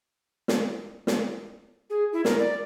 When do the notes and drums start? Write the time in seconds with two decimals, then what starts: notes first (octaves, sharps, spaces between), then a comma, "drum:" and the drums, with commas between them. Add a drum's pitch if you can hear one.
0.48 drum: snare
1.07 drum: snare
1.90 G#4
2.13 E4
2.25 A#4, drum: snare
2.39 D5